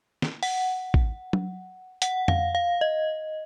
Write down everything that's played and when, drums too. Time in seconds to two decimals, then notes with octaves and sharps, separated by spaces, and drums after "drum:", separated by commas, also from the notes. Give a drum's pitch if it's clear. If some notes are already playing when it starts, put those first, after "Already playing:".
0.22 drum: snare
0.43 F#5, drum: open hi-hat
0.94 drum: kick A1
1.33 drum: tom F#3
2.02 F#5, drum: hi-hat
2.28 F5, drum: tom F2
2.55 F5
2.81 D#5